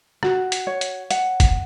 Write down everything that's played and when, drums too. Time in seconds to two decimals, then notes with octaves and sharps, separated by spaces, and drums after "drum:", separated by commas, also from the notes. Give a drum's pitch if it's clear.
0.23 F#4, drum: rim click
0.52 drum: hi-hat
0.67 C#5
0.81 drum: hi-hat
1.11 F#5, drum: hi-hat
1.40 drum: kick G1, hi-hat